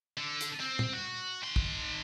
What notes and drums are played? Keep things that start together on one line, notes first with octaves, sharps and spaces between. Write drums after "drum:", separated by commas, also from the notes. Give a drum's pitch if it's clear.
D3
drum: hi-hat
C4
drum: tom
F#4
D#3 C6
drum: kick